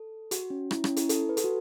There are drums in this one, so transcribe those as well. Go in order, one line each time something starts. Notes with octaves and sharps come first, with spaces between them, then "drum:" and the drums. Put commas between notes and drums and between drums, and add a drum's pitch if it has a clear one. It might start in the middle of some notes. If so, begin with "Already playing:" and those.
Already playing: A4
F#4, drum: hi-hat
C#4
E4, drum: rim click
C#4, drum: rim click
E4, drum: hi-hat
A4, drum: hi-hat
B4
A4, drum: hi-hat
F#4